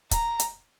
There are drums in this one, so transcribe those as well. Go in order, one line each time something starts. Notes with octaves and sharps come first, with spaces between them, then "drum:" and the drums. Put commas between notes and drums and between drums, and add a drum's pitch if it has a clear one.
A#5, drum: kick, hi-hat
drum: hi-hat